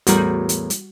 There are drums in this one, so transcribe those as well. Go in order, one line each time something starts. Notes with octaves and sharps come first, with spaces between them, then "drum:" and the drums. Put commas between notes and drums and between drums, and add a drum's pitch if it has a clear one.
E2 A2 G3 F#4 A#4, drum: hi-hat
drum: hi-hat
drum: hi-hat